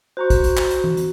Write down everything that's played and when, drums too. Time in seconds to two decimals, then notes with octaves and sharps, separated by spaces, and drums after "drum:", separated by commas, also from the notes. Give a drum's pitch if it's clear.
0.17 F#4 C5 A#5 C#6
0.30 drum: kick, hi-hat
0.44 drum: hi-hat
0.57 drum: clap
0.70 drum: hi-hat
0.84 drum: tom E3
0.97 drum: hi-hat